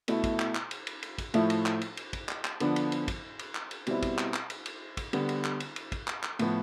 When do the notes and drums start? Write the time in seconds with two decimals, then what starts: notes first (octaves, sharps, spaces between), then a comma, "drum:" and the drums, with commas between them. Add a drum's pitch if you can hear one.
0.08 B2 A3 E4, drum: cymbal
0.24 drum: kick, cymbal
0.39 drum: clap
0.55 drum: clap
0.71 drum: cymbal
0.87 drum: cymbal
1.03 drum: cymbal
1.18 drum: kick, cymbal
1.34 A2 F3 A3 E4, drum: cymbal
1.50 drum: cymbal
1.66 drum: clap
1.81 drum: cymbal
1.97 drum: cymbal
2.13 drum: kick, cymbal
2.29 drum: clap
2.45 drum: clap
2.60 D3 F3 B3 D4, drum: cymbal
2.76 drum: cymbal
2.92 drum: cymbal
3.08 drum: kick, cymbal
3.39 drum: cymbal
3.55 drum: clap
3.71 drum: cymbal
3.87 B2 G3 C4 E4, drum: cymbal
4.02 drum: kick, cymbal
4.18 drum: clap
4.34 drum: clap
4.50 drum: cymbal
4.66 drum: cymbal
4.97 drum: kick, cymbal
5.13 D3 G3 B3, drum: cymbal
5.29 drum: cymbal
5.45 drum: clap
5.60 drum: cymbal
5.76 drum: cymbal
5.92 drum: kick, cymbal
6.08 drum: clap
6.23 drum: clap
6.39 A2 F3 B3, drum: cymbal